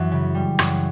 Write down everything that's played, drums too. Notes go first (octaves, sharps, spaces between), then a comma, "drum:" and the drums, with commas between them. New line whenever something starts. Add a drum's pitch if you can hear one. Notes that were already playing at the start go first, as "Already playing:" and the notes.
Already playing: F#2 E3
C#3
G3
F#2, drum: rim click